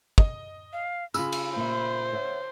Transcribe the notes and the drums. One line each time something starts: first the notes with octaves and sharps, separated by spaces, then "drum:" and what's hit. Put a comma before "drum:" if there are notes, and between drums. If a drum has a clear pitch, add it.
D#5, drum: kick
F5
C#3 F4 G#4 B5 E6, drum: tambourine
drum: cymbal
A#2 C5 E5
C#5 E5 F#5